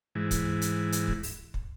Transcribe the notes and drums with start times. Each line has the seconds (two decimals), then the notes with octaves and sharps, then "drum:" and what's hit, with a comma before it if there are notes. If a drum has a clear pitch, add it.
0.15 G#2 E3
0.31 drum: kick, hi-hat
0.62 drum: hi-hat
0.92 drum: hi-hat
1.08 drum: kick
1.23 drum: open hi-hat
1.54 drum: kick